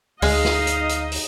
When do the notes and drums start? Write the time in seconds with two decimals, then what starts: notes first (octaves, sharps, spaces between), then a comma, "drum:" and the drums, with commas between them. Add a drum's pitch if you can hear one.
0.22 D2 G#3 D#4 D#5 F5, drum: open hi-hat
0.45 drum: snare
0.67 drum: hi-hat
0.89 drum: hi-hat
1.12 drum: open hi-hat